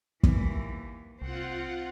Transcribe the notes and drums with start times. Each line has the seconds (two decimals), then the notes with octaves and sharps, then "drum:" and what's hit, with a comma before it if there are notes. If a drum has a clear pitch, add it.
0.23 D#2 E3, drum: kick
1.22 C2 C4 F4 C5 F#5